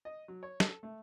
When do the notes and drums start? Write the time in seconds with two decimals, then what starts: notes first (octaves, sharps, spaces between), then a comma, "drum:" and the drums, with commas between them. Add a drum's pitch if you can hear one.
0.05 D#5
0.28 F#3
0.43 C#5
0.60 A4, drum: snare
0.83 A3